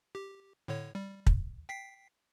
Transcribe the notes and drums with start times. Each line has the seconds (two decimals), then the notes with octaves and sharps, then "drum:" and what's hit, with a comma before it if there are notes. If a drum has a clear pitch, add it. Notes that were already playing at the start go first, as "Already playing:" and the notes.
0.15 G4
0.68 A2 D3 C#5
0.95 G3
1.27 drum: kick
1.69 G5 B6 C7